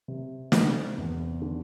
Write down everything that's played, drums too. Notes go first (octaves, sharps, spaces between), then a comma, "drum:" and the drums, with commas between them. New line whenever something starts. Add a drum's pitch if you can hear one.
C3
C4, drum: snare
E2
D3